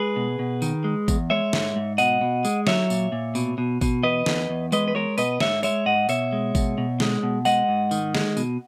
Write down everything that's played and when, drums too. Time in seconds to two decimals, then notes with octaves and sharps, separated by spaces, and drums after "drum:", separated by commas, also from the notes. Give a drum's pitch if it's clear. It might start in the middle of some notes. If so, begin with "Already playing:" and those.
Already playing: G#3 G#4 B4
0.16 B2
0.39 B2
0.62 D#3, drum: tambourine
0.84 G#3
1.08 E2, drum: kick G#1, tambourine
1.30 G#3 C#5 E5
1.53 G#2, drum: snare
1.76 G#2
1.98 B2 D#5 F#5, drum: tambourine
2.21 B2
2.45 G#3, drum: tambourine
2.67 F#3 C#5 E5, drum: snare
2.90 A#2, drum: tambourine
3.12 A#2
3.35 B2, drum: tambourine
3.58 B2
3.81 B2, drum: kick G#1, tambourine
4.03 E2 B4 D#5
4.26 E2, drum: snare
4.50 E2
4.72 G#3 B4 D#5, drum: tambourine
4.88 B4
4.95 G#3 A#4 C#5
5.18 B2 B4 D#5, drum: tambourine
5.40 G#2 C#5 E5, drum: snare
5.63 G#3 C#5 E5, drum: tambourine
5.86 G#2 D#5 F#5
6.09 B2 C#5 E5, drum: tambourine
6.32 G#3
6.55 B2, drum: kick G#1, tambourine
6.78 B2
7.00 G#3, drum: snare
7.23 B2
7.45 G#3 D#5 F#5, drum: tambourine
7.69 G#2
7.91 D#3, drum: tambourine
8.15 G#3, drum: snare
8.37 B2, drum: tambourine